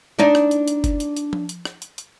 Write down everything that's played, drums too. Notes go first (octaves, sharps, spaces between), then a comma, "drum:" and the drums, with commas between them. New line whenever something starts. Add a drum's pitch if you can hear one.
D4 D#4 D5
drum: rim click
drum: hi-hat
drum: hi-hat
drum: kick F#1, hi-hat
drum: hi-hat
drum: hi-hat
drum: tom F3
drum: hi-hat
drum: rim click
drum: hi-hat
drum: hi-hat